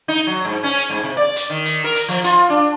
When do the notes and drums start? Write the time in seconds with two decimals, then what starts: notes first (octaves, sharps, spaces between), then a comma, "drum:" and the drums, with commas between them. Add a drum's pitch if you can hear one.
0.08 D#4
0.27 F#3
0.45 G#2
0.63 C#4
0.77 drum: hi-hat
0.90 G#2
1.03 C3
1.17 D5
1.36 drum: hi-hat
1.50 D#3
1.65 drum: hi-hat
1.84 A#4
1.95 drum: hi-hat
2.08 F3, drum: hi-hat
2.24 F4, drum: hi-hat
2.50 D4